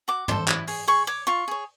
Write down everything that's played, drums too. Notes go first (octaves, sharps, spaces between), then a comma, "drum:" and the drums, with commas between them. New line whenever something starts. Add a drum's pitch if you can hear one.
F#4 D6
A4 C5, drum: tom
E4, drum: clap
G#4 C#5, drum: open hi-hat
G#4 C#6
C#5 D6
F4 C#6
G#4 C#5